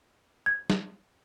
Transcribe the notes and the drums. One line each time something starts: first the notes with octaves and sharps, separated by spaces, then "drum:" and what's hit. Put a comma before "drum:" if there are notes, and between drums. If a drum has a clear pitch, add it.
G#6
drum: snare